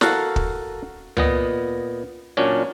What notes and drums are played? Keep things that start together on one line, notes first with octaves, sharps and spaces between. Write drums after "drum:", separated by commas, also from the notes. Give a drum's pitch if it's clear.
F#4 A4 A#4 F5 F#5, drum: snare
drum: kick
A#2 B3 D#5, drum: tom C#2
A#2 F#3 C#4 D4